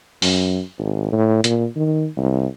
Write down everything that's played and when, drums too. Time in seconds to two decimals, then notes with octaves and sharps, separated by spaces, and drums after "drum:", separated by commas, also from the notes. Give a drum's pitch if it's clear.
0.22 F#2, drum: open hi-hat
0.79 G#1
1.12 A2
1.44 A#2, drum: hi-hat
1.76 D#3
2.17 C2